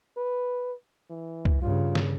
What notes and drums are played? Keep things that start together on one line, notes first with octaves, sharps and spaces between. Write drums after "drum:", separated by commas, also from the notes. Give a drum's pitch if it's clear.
B4
E3
drum: kick
G2 C#3 F4
drum: snare